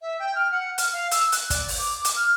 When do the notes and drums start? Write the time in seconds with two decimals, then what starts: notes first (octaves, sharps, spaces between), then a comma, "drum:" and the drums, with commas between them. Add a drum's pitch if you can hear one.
0.02 E5
0.19 G5
0.35 F6
0.52 F#5
0.78 F6, drum: hi-hat
0.93 F5
1.11 E6, drum: hi-hat
1.32 F#6, drum: hi-hat
1.50 D5, drum: kick, hi-hat
1.68 drum: open hi-hat
1.78 D6
2.05 drum: hi-hat
2.16 F6